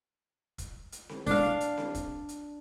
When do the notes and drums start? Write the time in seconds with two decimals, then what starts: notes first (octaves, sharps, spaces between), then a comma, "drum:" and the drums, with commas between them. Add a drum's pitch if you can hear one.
0.58 drum: kick, hi-hat
0.92 drum: hi-hat
1.09 drum: snare C4
1.26 D4 F5, drum: kick, open hi-hat
1.60 drum: hi-hat
1.78 drum: snare C4
1.95 drum: kick, hi-hat
2.29 drum: hi-hat